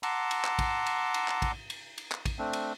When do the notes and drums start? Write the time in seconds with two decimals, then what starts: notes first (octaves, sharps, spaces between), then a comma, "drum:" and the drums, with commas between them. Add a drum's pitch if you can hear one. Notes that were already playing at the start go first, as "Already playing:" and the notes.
0.03 F#5 A5 A#5 C6 D6 E6, drum: cymbal
0.31 drum: cymbal
0.45 drum: clap
0.59 drum: kick, cymbal
0.86 drum: cymbal
1.14 drum: cymbal
1.28 drum: clap
1.42 drum: kick, cymbal
1.70 drum: cymbal
1.98 drum: cymbal
2.12 drum: clap
2.25 drum: kick, cymbal
2.39 A3 C4 D4
2.53 drum: cymbal